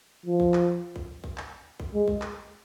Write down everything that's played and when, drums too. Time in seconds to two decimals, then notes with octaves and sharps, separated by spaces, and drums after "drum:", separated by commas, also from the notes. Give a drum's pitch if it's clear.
0.26 F3
0.40 drum: kick
0.54 drum: clap
0.96 drum: kick
1.24 drum: kick
1.38 drum: clap
1.80 drum: kick
1.94 G#3
2.08 drum: kick
2.22 drum: clap